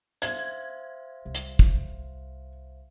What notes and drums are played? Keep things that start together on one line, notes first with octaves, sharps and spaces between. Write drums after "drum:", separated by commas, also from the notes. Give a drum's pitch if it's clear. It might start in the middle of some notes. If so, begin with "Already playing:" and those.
C5 E5 F5 G#6, drum: hi-hat
C2
drum: hi-hat
drum: kick